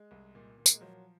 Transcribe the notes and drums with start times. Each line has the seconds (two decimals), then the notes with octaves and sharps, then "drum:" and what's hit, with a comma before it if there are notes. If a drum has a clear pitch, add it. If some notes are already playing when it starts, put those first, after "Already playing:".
Already playing: G#3
0.11 C2
0.35 A#2
0.58 A#2
0.66 A#3, drum: tambourine
0.74 G#3
0.81 F3 F#3